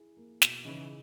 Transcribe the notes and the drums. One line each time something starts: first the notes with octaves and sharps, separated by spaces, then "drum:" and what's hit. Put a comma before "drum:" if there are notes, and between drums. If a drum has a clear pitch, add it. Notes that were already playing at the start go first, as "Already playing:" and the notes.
Already playing: E4 G#4
A#3
B2, drum: snare
C#3 E3 D#4